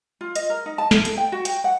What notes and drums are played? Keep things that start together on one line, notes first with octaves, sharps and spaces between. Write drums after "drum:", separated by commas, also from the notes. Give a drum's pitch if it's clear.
F4
D#5, drum: hi-hat
A#4
D#4
A5
E4, drum: snare
A4, drum: hi-hat
G5
F#4
G5, drum: hi-hat
F#5